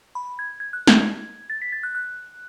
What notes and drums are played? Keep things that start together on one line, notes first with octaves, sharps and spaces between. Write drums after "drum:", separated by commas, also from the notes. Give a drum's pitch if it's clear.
B5
G#6
G#6
F#6
G#6, drum: snare
A6
B6
A6
F#6
F#6